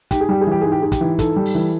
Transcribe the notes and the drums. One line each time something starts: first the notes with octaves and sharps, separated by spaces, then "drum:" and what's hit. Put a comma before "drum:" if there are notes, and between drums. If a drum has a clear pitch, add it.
G#2 G4, drum: kick, hi-hat
G#4
G3 G4
G#4
E3 G4
G#2 G#4
G4
G#2 G#4
G4, drum: kick, hi-hat
E3
G#2 A4, drum: kick, hi-hat
G3
drum: open hi-hat
E3